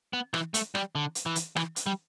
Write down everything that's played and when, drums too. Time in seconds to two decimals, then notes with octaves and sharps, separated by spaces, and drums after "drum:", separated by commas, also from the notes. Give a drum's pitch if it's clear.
0.13 B3
0.34 E3, drum: rim click
0.54 A3, drum: hi-hat
0.75 G3, drum: rim click
0.95 D3
1.15 drum: hi-hat
1.26 E3
1.36 drum: hi-hat
1.56 E3, drum: rim click
1.76 drum: hi-hat
1.86 G3